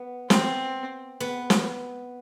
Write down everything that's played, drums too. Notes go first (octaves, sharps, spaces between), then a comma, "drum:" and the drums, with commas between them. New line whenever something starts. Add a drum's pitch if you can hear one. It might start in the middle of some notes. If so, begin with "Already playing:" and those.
Already playing: B3
C4, drum: snare
B3
drum: snare